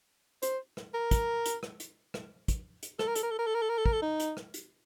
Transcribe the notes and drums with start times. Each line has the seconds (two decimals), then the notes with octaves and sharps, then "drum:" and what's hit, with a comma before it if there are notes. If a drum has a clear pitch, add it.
0.43 C5, drum: hi-hat
0.77 drum: rim click
0.94 A#4
1.11 drum: kick, hi-hat
1.46 drum: hi-hat
1.63 drum: rim click
1.80 drum: hi-hat
2.14 drum: rim click
2.48 drum: kick, hi-hat
2.83 drum: hi-hat
2.99 A4, drum: rim click
3.07 A#4
3.15 A4, drum: hi-hat
3.23 A#4
3.31 A4
3.39 A#4
3.47 A4
3.55 A#4
3.62 A4
3.69 A#4
3.78 A4
3.86 A#4, drum: kick
3.93 A4
4.02 D#4
4.20 drum: hi-hat
4.37 drum: rim click
4.54 drum: hi-hat